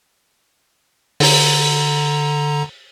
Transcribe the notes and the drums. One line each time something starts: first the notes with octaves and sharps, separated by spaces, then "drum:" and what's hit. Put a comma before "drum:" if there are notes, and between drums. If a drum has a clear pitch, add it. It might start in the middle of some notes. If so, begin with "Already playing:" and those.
D3 A#5, drum: open hi-hat